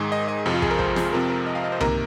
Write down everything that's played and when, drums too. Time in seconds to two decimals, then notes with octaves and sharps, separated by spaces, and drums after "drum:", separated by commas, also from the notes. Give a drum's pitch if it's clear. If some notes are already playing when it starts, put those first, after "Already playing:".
Already playing: G#2 D#3 G#3 G#4
0.12 D#5
0.28 D#5
0.45 F2 C3 F3
0.54 F4
0.62 G#4, drum: kick
0.71 A#4
0.79 C5, drum: kick
0.96 G#4, drum: snare
1.13 F2 C3 F3 C4 A#4
1.30 A#4
1.47 D#5
1.55 F5
1.64 D#5
1.72 C5
1.80 C3 D#3 A#3 A#4, drum: tom C2